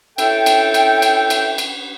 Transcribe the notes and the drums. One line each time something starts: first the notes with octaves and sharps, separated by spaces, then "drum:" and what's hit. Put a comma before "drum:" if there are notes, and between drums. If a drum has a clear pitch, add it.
E4 A4 C#5 E5 G5, drum: cymbal
drum: cymbal
drum: cymbal
drum: cymbal
drum: cymbal
drum: cymbal